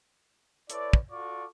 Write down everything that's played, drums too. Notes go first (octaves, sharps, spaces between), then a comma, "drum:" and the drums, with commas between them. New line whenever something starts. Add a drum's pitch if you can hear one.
E4 A4 B4 C#5 D5, drum: hi-hat
drum: kick
F4 F#4 A4 D5 C#6 D6